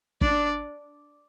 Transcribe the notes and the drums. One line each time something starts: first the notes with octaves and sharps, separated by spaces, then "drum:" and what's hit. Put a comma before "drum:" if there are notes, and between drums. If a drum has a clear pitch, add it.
D4 D5, drum: kick